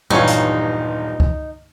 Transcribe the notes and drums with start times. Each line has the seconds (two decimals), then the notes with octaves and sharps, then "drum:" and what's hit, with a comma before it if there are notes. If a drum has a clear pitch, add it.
0.10 D#1 G2 E3 F#3 D#4 F4 C#5
0.28 drum: hi-hat
1.20 drum: kick C#2